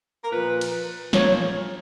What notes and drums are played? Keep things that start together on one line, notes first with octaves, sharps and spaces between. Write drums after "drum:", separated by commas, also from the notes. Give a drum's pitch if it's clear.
A#4
A#2 F3 B4
drum: cymbal
A#2 F3 C#5, drum: snare